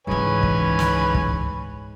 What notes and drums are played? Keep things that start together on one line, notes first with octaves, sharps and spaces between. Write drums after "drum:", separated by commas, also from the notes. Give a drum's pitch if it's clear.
C#2 G#2 E3 G#3 B4 C#5 G#5 B5
drum: kick
drum: snare
drum: kick